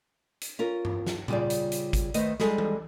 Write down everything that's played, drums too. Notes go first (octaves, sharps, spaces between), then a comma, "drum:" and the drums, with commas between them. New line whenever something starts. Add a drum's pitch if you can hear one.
drum: hi-hat
C#4 F4 A#4
drum: tom G2
drum: snare
C#3 G3 F4 G#4 D5, drum: tom A#2
drum: hi-hat
drum: hi-hat
drum: kick G#1, hi-hat
D#3 A3 B4 C5 D#5, drum: hi-hat
G3 G#3 G#4 A4, drum: snare
drum: tom E3